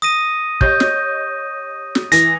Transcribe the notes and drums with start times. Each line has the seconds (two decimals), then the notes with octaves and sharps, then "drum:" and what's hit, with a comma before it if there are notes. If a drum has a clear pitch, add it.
0.02 D#6 A#6 D#7
0.61 G4 C#5 D#5 G6, drum: kick
0.80 drum: snare
1.95 drum: snare
2.12 E3 A#6, drum: hi-hat